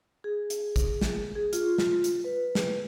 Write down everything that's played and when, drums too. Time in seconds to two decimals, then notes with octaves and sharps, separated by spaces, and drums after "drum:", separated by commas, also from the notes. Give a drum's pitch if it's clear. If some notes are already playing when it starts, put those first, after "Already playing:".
0.24 G#4
0.50 drum: hi-hat
0.76 drum: kick, hi-hat
1.01 drum: snare
1.35 G#4
1.53 F4, drum: hi-hat
1.78 drum: snare
2.04 drum: hi-hat
2.24 B4
2.55 drum: snare